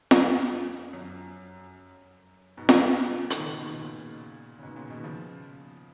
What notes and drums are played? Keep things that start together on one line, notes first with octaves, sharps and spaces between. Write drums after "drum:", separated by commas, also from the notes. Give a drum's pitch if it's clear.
F2, drum: snare
F#2
G#2 B2
drum: snare
D#3, drum: hi-hat
A#2 C#3
B2 D#3
A#2 C#3
C#3
G#2 B2
A#2 C#3
B2 D#3
C#3 F3